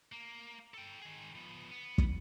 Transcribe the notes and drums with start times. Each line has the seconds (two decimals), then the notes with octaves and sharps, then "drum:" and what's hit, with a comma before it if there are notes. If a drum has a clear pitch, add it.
0.12 A#3
0.74 A4 G5
1.02 D#3 G#4
1.35 F3 B3
1.72 B3
1.98 drum: kick